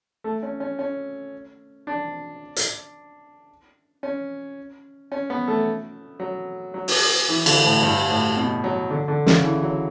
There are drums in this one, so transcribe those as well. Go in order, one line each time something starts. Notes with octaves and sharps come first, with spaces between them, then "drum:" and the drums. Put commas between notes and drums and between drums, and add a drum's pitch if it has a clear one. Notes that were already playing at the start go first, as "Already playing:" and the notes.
A3
C#4
C#4
C#4
D4
drum: hi-hat
C#4
C#4
B3
A3
F#3
F#3
drum: open hi-hat
E3
D3, drum: cymbal
A2
G2
A2
B2
F#3
D3
D3
C#3, drum: snare
E3
F#3